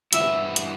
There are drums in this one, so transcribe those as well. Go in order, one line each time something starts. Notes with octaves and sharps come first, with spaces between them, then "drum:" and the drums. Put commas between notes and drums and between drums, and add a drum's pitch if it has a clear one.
G2 E3 B3 E4 E5, drum: hi-hat
drum: hi-hat